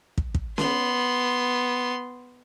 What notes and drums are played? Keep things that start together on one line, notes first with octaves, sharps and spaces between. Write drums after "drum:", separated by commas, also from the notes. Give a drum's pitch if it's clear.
drum: kick
drum: kick
B3 C6, drum: snare C#4